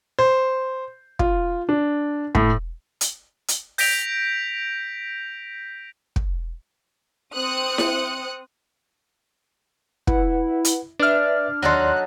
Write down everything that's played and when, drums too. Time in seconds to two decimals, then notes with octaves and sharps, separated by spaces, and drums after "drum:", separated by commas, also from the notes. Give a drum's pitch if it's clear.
0.19 C5
1.19 F4, drum: kick
1.69 D4
2.35 A2, drum: kick
3.01 drum: hi-hat
3.48 drum: hi-hat
3.78 G6 A#6 B6 D7 F7, drum: open hi-hat
6.16 drum: kick
7.35 C4 D#6 F#6 C#7
7.78 drum: snare E4
10.07 E4 B4 F#5, drum: kick
10.65 drum: hi-hat
11.00 D4 B4 D5 E5 F6
11.62 D#2 F#3 D#4 A4 D5 C6 F#6